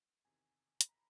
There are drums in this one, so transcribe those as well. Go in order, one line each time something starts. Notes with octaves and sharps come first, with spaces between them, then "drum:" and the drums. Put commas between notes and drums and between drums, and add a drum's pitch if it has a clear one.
E2 C3 D#3 G#5
B5, drum: hi-hat
A#5